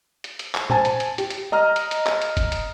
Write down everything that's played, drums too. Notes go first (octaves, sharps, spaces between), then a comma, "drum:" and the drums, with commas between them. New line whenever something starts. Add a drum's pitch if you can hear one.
drum: hi-hat
drum: hi-hat
drum: clap
C5 G#5 A5, drum: tom
drum: hi-hat
drum: hi-hat
G4, drum: hi-hat
drum: hi-hat
D#5 A#5 F6
drum: hi-hat
drum: hi-hat
drum: clap
drum: hi-hat
drum: kick, hi-hat
drum: hi-hat